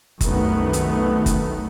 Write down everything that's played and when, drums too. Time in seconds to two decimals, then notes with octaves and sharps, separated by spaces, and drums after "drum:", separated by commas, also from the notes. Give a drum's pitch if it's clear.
0.21 C2 F#2 D#3 A3 B3, drum: kick F#1, hi-hat
0.73 drum: hi-hat
1.26 drum: kick F#1, hi-hat